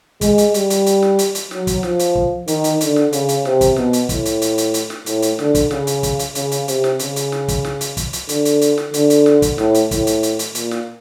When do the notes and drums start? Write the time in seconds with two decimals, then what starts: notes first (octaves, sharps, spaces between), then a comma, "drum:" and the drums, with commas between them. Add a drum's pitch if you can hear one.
0.21 G#3, drum: kick, hi-hat
0.38 drum: hi-hat
0.54 G3, drum: hi-hat
0.70 drum: hi-hat
0.86 drum: hi-hat
1.02 drum: snare
1.19 drum: hi-hat
1.35 drum: hi-hat
1.51 F#3, drum: snare
1.67 drum: kick, hi-hat
1.83 F3, drum: snare
1.99 drum: hi-hat
2.15 drum: kick
2.48 D#3, drum: hi-hat
2.64 drum: hi-hat
2.81 D3, drum: hi-hat
2.96 drum: snare
3.13 C#3, drum: hi-hat
3.29 drum: hi-hat
3.45 C3, drum: snare
3.61 drum: kick, hi-hat
3.76 B2, drum: snare
3.93 drum: hi-hat
4.09 A2, drum: kick, hi-hat
4.25 drum: hi-hat
4.42 drum: hi-hat
4.58 drum: hi-hat
4.74 drum: hi-hat
4.90 drum: snare
5.06 A2, drum: hi-hat
5.22 drum: hi-hat
5.39 D3, drum: snare
5.55 drum: kick, hi-hat
5.71 C#3, drum: snare
5.87 drum: hi-hat
6.03 drum: kick, hi-hat
6.19 drum: hi-hat
6.35 C#3, drum: hi-hat
6.51 drum: hi-hat
6.68 C3, drum: hi-hat
6.84 drum: snare
6.99 C#3, drum: hi-hat
7.16 drum: hi-hat
7.32 drum: snare
7.48 drum: kick, hi-hat
7.65 drum: snare
7.81 drum: hi-hat
7.97 drum: kick, hi-hat
8.13 drum: hi-hat
8.29 D3, drum: hi-hat
8.45 drum: hi-hat
8.61 drum: hi-hat
8.78 drum: snare
8.94 D3, drum: hi-hat
9.10 drum: hi-hat
9.26 drum: snare
9.42 drum: kick, hi-hat
9.58 A2, drum: snare
9.74 drum: hi-hat
9.91 A2, drum: kick, hi-hat
10.07 drum: hi-hat
10.23 drum: hi-hat
10.39 drum: hi-hat
10.55 A#2, drum: hi-hat
10.71 drum: snare